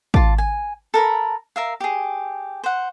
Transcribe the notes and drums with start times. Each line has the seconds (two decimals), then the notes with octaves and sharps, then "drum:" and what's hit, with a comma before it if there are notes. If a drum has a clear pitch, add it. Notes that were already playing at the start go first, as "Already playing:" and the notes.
0.14 F4 A5 D6, drum: kick
0.38 G#5
0.94 A4 A#4 A#5 B5
1.56 A#4 E5 F5
1.80 G4 G#4
2.64 C5 F#5